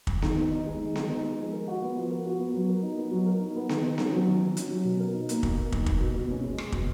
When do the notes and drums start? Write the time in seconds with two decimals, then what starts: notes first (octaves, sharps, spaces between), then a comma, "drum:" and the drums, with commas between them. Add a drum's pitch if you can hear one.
0.07 drum: kick
0.22 D#3, drum: snare B3
0.37 D#3
0.51 D#4
0.67 G#3
0.80 D#3
0.95 D#3, drum: snare B3
1.09 D#4
1.23 G#3
1.38 F3
1.52 A#4
1.68 F#4
1.82 B3
1.97 F3
2.10 A#4
2.26 F#4
2.39 B3
2.54 F#3
2.68 A#4
2.83 D#4
2.97 B3
3.11 F#3
3.26 A#4
3.40 D#4
3.56 B3
3.69 D#3, drum: snare B3
3.83 D#3
3.98 C#4, drum: snare B3
4.13 F#3
4.28 D#3
4.41 D#3
4.57 C#4, drum: hi-hat
4.70 F#3
4.85 B2
4.99 A#4
5.13 D#4
5.29 A#3, drum: hi-hat
5.43 B2, drum: kick
5.58 A#4
5.72 D#4, drum: kick
5.86 A#3, drum: kick
6.00 B2
6.15 B2
6.30 C#4
6.44 G#3
6.58 B2, drum: rim click
6.72 B2, drum: kick